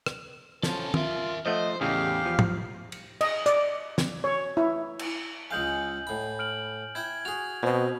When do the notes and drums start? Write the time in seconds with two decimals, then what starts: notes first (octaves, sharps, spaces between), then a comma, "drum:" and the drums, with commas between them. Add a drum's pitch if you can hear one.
0.06 drum: rim click
0.63 F3 C#4 A4, drum: snare
0.94 F4 A#4 E5, drum: tom
1.46 F3 A3 C5 D#5 F#5
1.81 E2 A2 C#3 G4 F5
2.25 F3
2.39 drum: tom G#2
2.92 drum: cymbal
3.21 D#5, drum: cymbal
3.46 D5, drum: hi-hat
3.98 drum: snare
4.24 C#5
4.57 E4
4.99 drum: cymbal
5.51 C#2 G#3 F5 G#5 G6 F#7
6.07 A2 B5
6.39 F6 D7 F#7
6.95 E4 E5 G5 G#6
7.25 F#4 G#4 F7
7.63 B2 C4 D#5